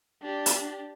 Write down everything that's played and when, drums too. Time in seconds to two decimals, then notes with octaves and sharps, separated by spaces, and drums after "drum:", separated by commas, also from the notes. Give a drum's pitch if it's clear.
0.22 D4 G4
0.46 drum: hi-hat